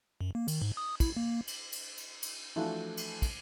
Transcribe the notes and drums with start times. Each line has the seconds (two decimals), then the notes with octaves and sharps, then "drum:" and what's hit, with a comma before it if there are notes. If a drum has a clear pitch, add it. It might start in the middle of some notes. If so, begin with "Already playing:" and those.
0.21 F#2
0.35 A#3
0.48 D#3, drum: cymbal
0.62 G#2
0.77 D#6
1.00 E4, drum: kick, cymbal
1.17 A#3
1.47 drum: cymbal
1.72 drum: cymbal
1.97 drum: cymbal
2.22 drum: cymbal
2.56 E3 F3 A3 D4 F4 F#4
2.97 drum: cymbal
3.22 drum: kick, cymbal